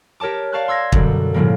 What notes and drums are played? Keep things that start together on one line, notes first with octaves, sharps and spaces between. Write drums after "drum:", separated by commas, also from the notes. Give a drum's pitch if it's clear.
G4 A#4 C#5 A5 D6
D5 F5 A5 C#6 F6 F#6
C6 E6 G#6 A#6 C7
F#2 B2 D3 F#3 G3, drum: kick
A2 C#3 F3 G3 A#3